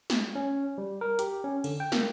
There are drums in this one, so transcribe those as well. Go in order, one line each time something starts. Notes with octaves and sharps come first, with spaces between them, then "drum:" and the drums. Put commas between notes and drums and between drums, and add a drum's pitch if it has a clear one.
drum: snare
C#4
G3
A#4
G4, drum: hi-hat
C#4
D3, drum: cymbal
G5
A#3, drum: snare